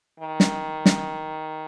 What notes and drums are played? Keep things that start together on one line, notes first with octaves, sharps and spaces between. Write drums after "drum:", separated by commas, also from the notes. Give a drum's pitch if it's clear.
D#3
drum: snare
drum: snare